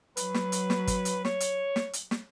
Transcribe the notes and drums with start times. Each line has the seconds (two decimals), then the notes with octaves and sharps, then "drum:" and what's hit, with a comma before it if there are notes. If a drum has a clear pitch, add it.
0.17 F#3 B4, drum: hi-hat
0.34 drum: snare
0.52 drum: hi-hat
0.70 drum: snare
0.87 drum: kick, hi-hat
1.05 drum: hi-hat
1.25 C#5, drum: snare
1.40 drum: hi-hat
1.76 drum: snare
1.93 drum: hi-hat
2.11 drum: snare